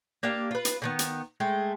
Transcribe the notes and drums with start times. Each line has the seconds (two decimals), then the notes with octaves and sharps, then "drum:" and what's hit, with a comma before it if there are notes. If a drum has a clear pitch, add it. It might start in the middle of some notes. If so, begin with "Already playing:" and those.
0.23 A#3 D4 G4 F5
0.51 F4 B4
0.65 drum: hi-hat
0.82 D3 D#3 B3
0.99 drum: hi-hat
1.40 G#3 A3 G5